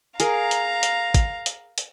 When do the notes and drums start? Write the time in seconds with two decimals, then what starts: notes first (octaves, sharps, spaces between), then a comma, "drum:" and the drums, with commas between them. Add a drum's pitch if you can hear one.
0.20 G#4 A#4 F5 A#5, drum: hi-hat
0.51 drum: hi-hat
0.83 drum: hi-hat
1.14 drum: kick, hi-hat
1.46 drum: hi-hat
1.78 drum: hi-hat